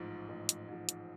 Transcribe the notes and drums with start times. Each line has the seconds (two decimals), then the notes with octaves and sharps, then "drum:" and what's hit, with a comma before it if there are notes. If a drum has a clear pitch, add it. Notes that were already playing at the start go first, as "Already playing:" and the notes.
Already playing: A1 G#2 F3
0.29 A1
0.49 drum: hi-hat
0.69 G#2 F3
0.89 drum: hi-hat